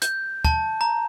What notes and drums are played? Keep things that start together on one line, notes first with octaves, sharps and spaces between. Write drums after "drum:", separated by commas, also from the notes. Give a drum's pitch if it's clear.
G6, drum: hi-hat
A5, drum: kick
A#5